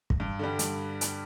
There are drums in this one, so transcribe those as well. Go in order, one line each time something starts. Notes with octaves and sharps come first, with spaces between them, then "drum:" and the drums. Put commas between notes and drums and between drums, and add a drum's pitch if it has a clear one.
drum: kick
G2
D3 G3
G2, drum: hi-hat
drum: hi-hat